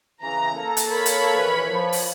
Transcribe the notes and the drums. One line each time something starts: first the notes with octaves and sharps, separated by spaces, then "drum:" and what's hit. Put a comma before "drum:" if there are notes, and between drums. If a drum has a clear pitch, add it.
C#3 E3 A#5
A#3 A4
drum: hi-hat
A#4 C#5 B5
drum: hi-hat
A#1 E3 B4
F3
drum: open hi-hat